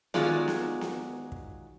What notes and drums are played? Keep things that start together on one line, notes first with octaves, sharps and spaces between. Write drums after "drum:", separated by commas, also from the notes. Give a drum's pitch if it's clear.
D#3 F#3 G#3 F4 D5, drum: snare B3
drum: snare B3
drum: snare B3
drum: kick